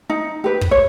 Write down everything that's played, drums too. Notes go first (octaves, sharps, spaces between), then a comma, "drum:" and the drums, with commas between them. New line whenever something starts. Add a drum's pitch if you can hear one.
D#4
G4 B4
drum: kick
C#5